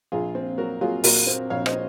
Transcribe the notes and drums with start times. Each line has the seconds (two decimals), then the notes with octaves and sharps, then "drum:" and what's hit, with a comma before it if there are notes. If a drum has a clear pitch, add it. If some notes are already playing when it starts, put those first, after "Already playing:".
0.12 A#1 F4 G#4
0.35 C4
0.58 F#3 F#4 A#4
0.81 F#3 F4 G#4
1.04 A#2 F#4 A#4, drum: open hi-hat
1.27 C4
1.50 A#1 C#5 F5
1.66 C5 D#5, drum: rim click
1.73 C4